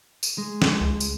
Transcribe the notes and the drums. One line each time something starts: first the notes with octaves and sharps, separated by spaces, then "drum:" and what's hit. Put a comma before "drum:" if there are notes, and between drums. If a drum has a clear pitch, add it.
drum: tambourine
G#3
drum: snare
C#2
drum: tambourine